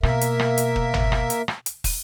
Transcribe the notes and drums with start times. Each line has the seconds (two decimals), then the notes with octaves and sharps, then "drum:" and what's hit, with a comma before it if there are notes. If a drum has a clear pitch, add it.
0.03 B2 A#3 A#4 E5, drum: rim click
0.21 drum: hi-hat
0.39 drum: rim click
0.58 drum: hi-hat
0.76 drum: kick
0.94 drum: tom
1.12 drum: rim click
1.30 drum: hi-hat
1.48 drum: rim click
1.66 drum: hi-hat
1.84 drum: kick, open hi-hat